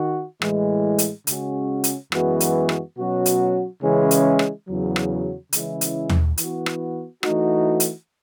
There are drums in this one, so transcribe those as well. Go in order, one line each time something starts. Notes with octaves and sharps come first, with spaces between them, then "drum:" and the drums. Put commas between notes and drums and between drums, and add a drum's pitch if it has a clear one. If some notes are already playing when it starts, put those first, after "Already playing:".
Already playing: D#3 F#4
A2 E3 G#3, drum: rim click
drum: hi-hat
C#3 G#3 C#4 F#4, drum: hi-hat
drum: hi-hat
F#2 E3 G#3 B3 F#4, drum: rim click
drum: hi-hat
drum: rim click
B2 F#3 C#4 F#4
drum: hi-hat
C#3 E3 G#3 C#4 E4
drum: hi-hat
drum: rim click
E2 C#3 F#3
drum: rim click
C#3 E3 G#3 C#4 E4, drum: hi-hat
drum: hi-hat
drum: tom D#2
E3 B3 F#4, drum: hi-hat
drum: rim click
E3 A3 D#4 F#4, drum: rim click
drum: hi-hat